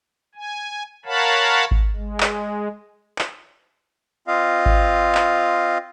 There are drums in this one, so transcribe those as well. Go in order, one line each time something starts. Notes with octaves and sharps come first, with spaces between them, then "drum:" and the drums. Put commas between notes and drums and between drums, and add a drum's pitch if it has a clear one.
G#5
A#4 C#5 F5 F#5 A5 B5
drum: kick G#1
G#3
drum: clap
drum: clap
C4 F4 D#5 F5
drum: kick G#1
drum: clap